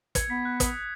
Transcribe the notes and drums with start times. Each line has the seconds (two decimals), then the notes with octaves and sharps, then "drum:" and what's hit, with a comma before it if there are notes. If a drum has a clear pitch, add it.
0.15 G#6 C#7, drum: kick, hi-hat
0.30 B3 B6
0.45 F#6
0.60 D#6, drum: kick, hi-hat